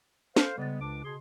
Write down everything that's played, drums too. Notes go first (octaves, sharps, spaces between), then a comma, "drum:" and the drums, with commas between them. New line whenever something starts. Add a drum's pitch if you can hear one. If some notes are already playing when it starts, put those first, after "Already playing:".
A4 C5 F5, drum: snare
C#3 G3 G#3 B3 A6
C#2 D4 D6
B2 G#4 C6